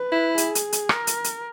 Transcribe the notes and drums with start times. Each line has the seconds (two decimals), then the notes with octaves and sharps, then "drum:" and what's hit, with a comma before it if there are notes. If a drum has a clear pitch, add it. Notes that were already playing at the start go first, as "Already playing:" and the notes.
Already playing: B4
0.12 E4
0.38 G#4, drum: hi-hat
0.55 drum: hi-hat
0.73 drum: hi-hat
0.89 A#4, drum: rim click
1.07 drum: hi-hat
1.24 drum: hi-hat